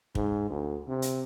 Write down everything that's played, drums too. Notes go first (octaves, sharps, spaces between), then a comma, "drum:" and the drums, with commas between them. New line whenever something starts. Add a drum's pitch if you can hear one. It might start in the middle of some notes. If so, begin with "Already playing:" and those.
G#2, drum: kick
D2
C3
drum: hi-hat